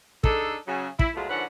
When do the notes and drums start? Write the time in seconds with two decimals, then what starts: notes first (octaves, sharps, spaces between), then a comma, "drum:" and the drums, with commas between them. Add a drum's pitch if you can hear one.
0.24 D4 D#4 G#4 A4, drum: kick
0.67 C#3 F#3
0.99 E4, drum: kick
1.15 B2 F#3 G#3 A3 F4
1.29 G#2 D3 F3 B4 C#5 F#5